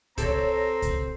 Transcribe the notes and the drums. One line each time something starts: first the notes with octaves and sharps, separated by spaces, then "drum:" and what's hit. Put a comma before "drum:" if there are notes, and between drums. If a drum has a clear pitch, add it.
C4 G4 A4 C#5 A#5, drum: kick C2, hi-hat
drum: kick C2, hi-hat